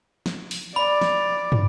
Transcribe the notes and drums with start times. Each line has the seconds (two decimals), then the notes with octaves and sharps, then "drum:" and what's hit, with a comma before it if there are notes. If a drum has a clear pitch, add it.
0.26 drum: snare
0.51 drum: open hi-hat
0.76 D5 B5
1.01 drum: snare
1.52 drum: tom